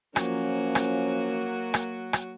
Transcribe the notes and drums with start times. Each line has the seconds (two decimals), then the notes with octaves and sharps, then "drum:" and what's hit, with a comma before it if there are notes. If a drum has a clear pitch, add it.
0.16 F3 F#3 A#3 C#4 F#4, drum: rim click
0.75 drum: rim click
1.74 drum: rim click
2.13 drum: rim click